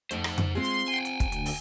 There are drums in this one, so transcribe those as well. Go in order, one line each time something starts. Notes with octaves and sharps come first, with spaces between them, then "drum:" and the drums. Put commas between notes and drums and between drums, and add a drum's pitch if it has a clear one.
F2 A3 D#4 C5, drum: hi-hat
drum: rim click
drum: tom F2
G#3 C4 F4 G#4 C6
drum: hi-hat
G5 G#5
drum: hi-hat
D2, drum: kick, hi-hat
drum: hi-hat
drum: open hi-hat